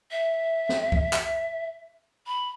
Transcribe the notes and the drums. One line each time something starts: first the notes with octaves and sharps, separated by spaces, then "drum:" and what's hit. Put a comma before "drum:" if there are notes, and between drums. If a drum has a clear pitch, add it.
E5
drum: snare
drum: kick C#2
drum: clap
B5